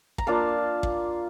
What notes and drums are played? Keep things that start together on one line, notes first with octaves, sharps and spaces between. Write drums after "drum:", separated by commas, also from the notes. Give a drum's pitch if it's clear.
A#5, drum: kick
A#3 D4 F4 F5 A5
drum: kick